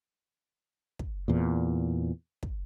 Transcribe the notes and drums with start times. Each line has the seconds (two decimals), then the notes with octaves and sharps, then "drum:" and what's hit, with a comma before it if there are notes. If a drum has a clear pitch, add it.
0.99 drum: kick
1.28 E2 A#2
2.43 drum: kick